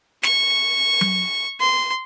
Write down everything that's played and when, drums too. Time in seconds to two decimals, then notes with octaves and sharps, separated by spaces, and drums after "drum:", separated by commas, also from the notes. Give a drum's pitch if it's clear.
0.23 C#6, drum: snare
1.01 drum: tom F#3
1.60 C6